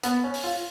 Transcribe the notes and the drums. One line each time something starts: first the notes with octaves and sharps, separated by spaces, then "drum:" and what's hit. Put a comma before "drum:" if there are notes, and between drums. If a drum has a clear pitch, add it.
B3, drum: hi-hat
C#4
drum: open hi-hat
F4